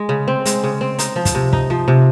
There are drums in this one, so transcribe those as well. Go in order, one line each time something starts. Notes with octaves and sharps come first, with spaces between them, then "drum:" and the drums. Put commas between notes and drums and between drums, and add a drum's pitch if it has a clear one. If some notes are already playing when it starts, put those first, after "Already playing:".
Already playing: G#3
C#3
C4
G#3, drum: hi-hat
C#3
C4
D#4, drum: hi-hat
F3
drum: kick, hi-hat
C3
D#4, drum: kick
F3
C3